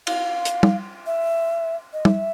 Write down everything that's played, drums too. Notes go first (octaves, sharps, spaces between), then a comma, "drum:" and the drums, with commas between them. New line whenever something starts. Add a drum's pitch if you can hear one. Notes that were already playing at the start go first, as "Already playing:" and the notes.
F5, drum: cymbal
drum: hi-hat
drum: tom G3
E5
D#5
E5, drum: tom G3